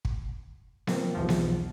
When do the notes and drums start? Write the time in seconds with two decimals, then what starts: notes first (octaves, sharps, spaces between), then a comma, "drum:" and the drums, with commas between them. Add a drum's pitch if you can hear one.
0.05 drum: kick
0.87 F3 A#3 C4, drum: snare B3
1.15 B1 E2 F3
1.29 drum: snare B3